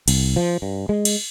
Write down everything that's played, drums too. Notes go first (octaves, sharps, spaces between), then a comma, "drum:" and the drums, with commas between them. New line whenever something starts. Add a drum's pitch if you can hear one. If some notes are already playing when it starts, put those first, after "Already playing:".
C2, drum: cymbal
F3
G2
G#3
drum: cymbal